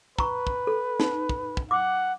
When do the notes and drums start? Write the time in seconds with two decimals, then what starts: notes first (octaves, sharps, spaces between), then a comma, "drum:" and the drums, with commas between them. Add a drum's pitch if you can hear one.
0.18 B4 A#5 C#6, drum: kick
0.47 drum: kick
0.67 A4
1.00 D#4, drum: snare
1.29 drum: kick
1.57 drum: kick
1.71 F#5 D6